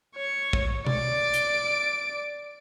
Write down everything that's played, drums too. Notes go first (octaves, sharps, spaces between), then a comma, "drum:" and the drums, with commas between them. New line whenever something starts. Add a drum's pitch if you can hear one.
C#5 C#6
drum: kick
D5 D7, drum: tom B2
drum: hi-hat